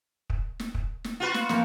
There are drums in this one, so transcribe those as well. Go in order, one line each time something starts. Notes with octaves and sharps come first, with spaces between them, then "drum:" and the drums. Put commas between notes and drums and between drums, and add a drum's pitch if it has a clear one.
drum: kick
drum: snare
drum: kick
drum: snare
F4 F#4 B4
drum: snare
F2 A#3, drum: snare